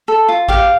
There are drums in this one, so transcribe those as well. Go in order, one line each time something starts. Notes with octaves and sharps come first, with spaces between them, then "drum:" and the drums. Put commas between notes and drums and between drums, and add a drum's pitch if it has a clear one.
A4
F4
G4 F5, drum: kick A1